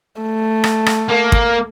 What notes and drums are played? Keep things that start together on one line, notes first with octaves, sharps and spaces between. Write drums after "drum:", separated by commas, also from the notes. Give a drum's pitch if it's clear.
A3
drum: rim click
drum: rim click
A#3
drum: kick